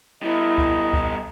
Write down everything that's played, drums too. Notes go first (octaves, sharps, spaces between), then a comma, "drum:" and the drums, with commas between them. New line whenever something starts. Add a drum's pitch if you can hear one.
G3 B3 E4 D#5
drum: kick C#2
drum: kick C#2